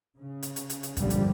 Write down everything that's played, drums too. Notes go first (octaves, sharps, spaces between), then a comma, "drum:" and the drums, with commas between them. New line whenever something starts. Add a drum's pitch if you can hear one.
C#3
drum: hi-hat
drum: hi-hat
drum: hi-hat
drum: hi-hat
C#2 G2 A#2 D3 F3 G3, drum: kick, hi-hat
drum: hi-hat